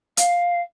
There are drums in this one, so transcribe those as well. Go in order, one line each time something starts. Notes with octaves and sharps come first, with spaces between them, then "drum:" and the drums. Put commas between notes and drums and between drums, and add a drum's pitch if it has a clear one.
F5, drum: hi-hat